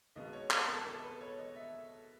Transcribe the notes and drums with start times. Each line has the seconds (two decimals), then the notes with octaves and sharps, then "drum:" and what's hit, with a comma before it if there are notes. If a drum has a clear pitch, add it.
0.16 B1 B2 G#3 B3 D#5
0.33 C#5
0.51 A4, drum: clap
0.69 A4
0.86 A4
1.03 B4
1.21 C#5
1.38 D#5
1.56 E5